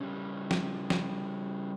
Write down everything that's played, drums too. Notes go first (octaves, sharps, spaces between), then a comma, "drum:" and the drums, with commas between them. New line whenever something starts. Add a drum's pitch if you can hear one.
C#3 G3
drum: snare
drum: snare